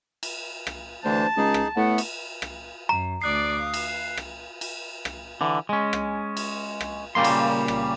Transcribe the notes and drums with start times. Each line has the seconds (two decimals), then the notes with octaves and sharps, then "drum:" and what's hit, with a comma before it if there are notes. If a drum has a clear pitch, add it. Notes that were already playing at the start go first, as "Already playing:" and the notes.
0.23 drum: cymbal
0.67 drum: rim click
1.04 D2 E3 D4 C5 A5
1.37 C#2 D#4 G#4
1.54 drum: rim click
1.76 A2 A3 B3 F#5
1.98 drum: cymbal
2.42 drum: rim click
2.89 F#2 A#5
3.22 D2 D5 D6 D#6 F#6 C7
3.60 F5
3.74 drum: cymbal
4.17 drum: rim click
4.61 drum: cymbal
5.05 drum: rim click
5.41 D3 E3
5.69 G#3 C#4
5.93 drum: rim click
6.37 drum: cymbal
6.81 drum: rim click
7.15 A#2 C#3 G3 A#3 C6
7.24 drum: cymbal
7.68 drum: rim click